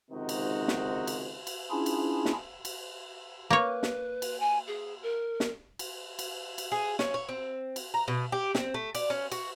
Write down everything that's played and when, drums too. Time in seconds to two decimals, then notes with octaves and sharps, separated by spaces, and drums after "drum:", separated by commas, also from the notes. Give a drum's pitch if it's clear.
0.11 C#2 G#2 C3 D#3 D#4 F#4
0.29 drum: cymbal
0.68 drum: snare
1.07 drum: cymbal
1.47 drum: cymbal
1.71 C#4 D4 E4 F4 G#4
1.86 drum: cymbal
2.25 drum: snare
2.65 drum: cymbal
3.50 A#3 B4 C#5
3.83 drum: snare
4.22 drum: cymbal
4.40 G#5
4.67 G#4
5.02 A#4
5.40 drum: snare
5.79 drum: cymbal
6.19 drum: cymbal
6.58 drum: cymbal
6.72 G#4
6.99 C#4, drum: snare
7.14 C#5
7.29 C4
7.76 drum: cymbal
7.94 A#5
8.08 B2
8.32 G4
8.55 C4, drum: snare
8.74 A3
8.95 D5, drum: cymbal
9.10 C#4
9.32 F#4, drum: cymbal